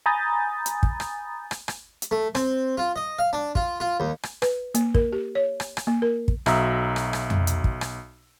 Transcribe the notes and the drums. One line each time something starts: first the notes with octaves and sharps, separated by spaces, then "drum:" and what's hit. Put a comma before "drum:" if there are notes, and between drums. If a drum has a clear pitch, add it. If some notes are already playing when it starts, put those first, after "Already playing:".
G#5 A#5 B5 D#6 G6 A6
drum: hi-hat
drum: kick
drum: rim click
drum: rim click
drum: rim click
drum: hi-hat
A3
C4, drum: rim click
F4
D#5
F5
D4
F4, drum: kick
F4
D#2
drum: rim click
B4, drum: rim click
A#3, drum: hi-hat
A#4, drum: kick
G4
C#5
drum: rim click
drum: rim click
A#3
A#4
drum: kick
B1 F#4 E5 A#5 D#6 E6, drum: rim click
drum: rim click
drum: rim click
drum: tom F2
drum: hi-hat
drum: kick
drum: rim click